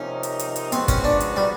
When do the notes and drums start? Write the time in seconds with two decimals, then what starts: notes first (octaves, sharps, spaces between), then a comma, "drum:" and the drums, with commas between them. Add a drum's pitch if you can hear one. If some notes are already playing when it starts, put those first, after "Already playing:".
Already playing: C3 F3 A#3 C#4 D#4
0.23 drum: hi-hat
0.39 drum: hi-hat
0.56 drum: hi-hat
0.72 F3 G#3 B3 C4 D#4 F#4, drum: hi-hat
0.88 C#4, drum: kick, hi-hat
1.04 D4
1.20 drum: hi-hat
1.36 G3